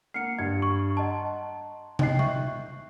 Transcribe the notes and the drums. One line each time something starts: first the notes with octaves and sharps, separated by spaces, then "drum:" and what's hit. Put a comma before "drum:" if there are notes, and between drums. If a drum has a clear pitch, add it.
A#3 F#5 F6 C7 C#7
G2 G#6
C#6
D#5 F#5 A5 A#5 C6
D#4 D#5 G5 F#6 C7, drum: tom
E5 C#6, drum: tom G3